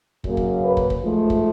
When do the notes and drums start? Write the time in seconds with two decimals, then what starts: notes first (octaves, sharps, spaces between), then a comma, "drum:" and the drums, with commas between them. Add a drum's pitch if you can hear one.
0.24 F#2 C#3 F#3 A#3, drum: kick
0.37 drum: kick
0.63 B4
0.77 drum: kick
0.90 drum: kick
1.03 G#2 F3 A3
1.30 drum: kick